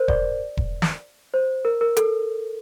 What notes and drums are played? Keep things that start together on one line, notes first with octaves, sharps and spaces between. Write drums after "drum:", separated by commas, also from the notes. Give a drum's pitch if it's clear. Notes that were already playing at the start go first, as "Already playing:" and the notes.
Already playing: A#4 C5
D5, drum: kick E1
drum: kick E1
drum: snare
C5
A#4
A#4
A4, drum: hi-hat